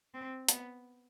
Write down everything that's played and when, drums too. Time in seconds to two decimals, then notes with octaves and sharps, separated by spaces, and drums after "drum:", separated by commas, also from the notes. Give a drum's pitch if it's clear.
0.14 C4
0.49 B3, drum: hi-hat